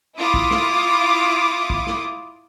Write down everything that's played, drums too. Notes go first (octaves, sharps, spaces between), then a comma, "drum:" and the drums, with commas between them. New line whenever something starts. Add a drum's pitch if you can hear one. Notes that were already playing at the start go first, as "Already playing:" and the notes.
E4 F4 D6 D#6
drum: kick
drum: snare
drum: kick
drum: snare